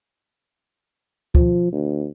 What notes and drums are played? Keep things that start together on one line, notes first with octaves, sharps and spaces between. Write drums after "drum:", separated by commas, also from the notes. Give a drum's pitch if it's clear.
F3, drum: kick
D2